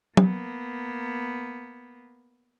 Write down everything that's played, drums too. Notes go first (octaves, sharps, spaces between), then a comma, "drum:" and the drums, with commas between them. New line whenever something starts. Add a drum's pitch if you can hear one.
A#3 B3, drum: tom